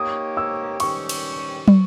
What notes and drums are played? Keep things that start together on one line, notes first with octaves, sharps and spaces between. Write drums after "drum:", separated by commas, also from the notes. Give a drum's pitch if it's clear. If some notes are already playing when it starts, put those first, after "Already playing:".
Already playing: A#3 D#4 G4 C#5 D#6
E6
D#3 G3 C#4 G4 C#6, drum: cymbal
drum: cymbal
drum: tom